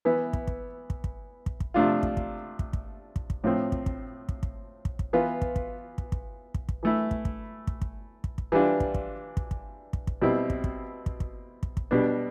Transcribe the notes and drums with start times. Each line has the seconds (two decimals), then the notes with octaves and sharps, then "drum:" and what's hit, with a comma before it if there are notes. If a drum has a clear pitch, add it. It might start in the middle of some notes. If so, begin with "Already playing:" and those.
0.05 E3 B3 E4
0.33 drum: kick
0.47 drum: kick
0.90 drum: kick
1.04 drum: kick
1.46 drum: kick
1.60 drum: kick
1.74 C3 F3 A3 D4 F4
2.03 drum: kick
2.17 drum: kick
2.59 drum: kick
2.73 drum: kick
3.16 drum: kick
3.30 drum: kick
3.44 A2 F3 C4
3.72 drum: kick
3.86 drum: kick
4.29 drum: kick
4.43 drum: kick
4.85 drum: kick
4.99 drum: kick
5.13 E3 B3 F4
5.42 drum: kick
5.56 drum: kick
5.98 drum: kick
6.12 drum: kick
6.54 drum: kick
6.69 drum: kick
6.83 E3 A3 E4
7.11 drum: kick
7.25 drum: kick
7.67 drum: kick
7.81 drum: kick
8.24 drum: kick
8.38 drum: kick
8.52 E3 G3 D4 F4
8.80 drum: kick
8.94 drum: kick
9.37 drum: kick
9.51 drum: kick
9.93 drum: kick
10.07 drum: kick
10.22 B2 G3 C4 E4
10.50 drum: kick
10.64 drum: kick
11.06 drum: kick
11.20 drum: kick
11.63 drum: kick
11.77 drum: kick
11.91 B2 G3 B3 D4